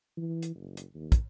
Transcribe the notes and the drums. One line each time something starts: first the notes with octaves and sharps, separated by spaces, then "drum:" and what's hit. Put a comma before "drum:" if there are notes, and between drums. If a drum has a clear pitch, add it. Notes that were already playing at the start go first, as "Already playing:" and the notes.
E3
drum: hi-hat
F#1
drum: hi-hat
D#2
drum: kick, hi-hat